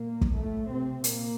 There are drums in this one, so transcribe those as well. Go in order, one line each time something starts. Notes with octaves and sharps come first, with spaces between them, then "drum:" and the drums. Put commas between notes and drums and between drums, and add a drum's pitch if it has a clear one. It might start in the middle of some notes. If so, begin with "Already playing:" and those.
Already playing: A#2 A#3
drum: kick
A2 A3
C3 C4
A#2 A#3, drum: hi-hat